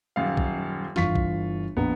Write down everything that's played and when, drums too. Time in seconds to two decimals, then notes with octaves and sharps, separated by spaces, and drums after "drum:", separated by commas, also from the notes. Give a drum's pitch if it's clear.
0.16 D#1 F#2 F5
0.37 drum: kick
0.96 G1 E3 F4 C#6 B6, drum: snare
1.15 drum: kick
1.77 A#1 B3 A#5